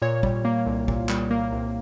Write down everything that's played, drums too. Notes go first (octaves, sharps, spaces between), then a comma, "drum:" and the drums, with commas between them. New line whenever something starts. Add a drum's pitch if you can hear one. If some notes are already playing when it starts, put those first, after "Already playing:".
A#2 C#5
G3, drum: kick
A#3
C2
A#2, drum: kick
G3, drum: clap
A#3
C2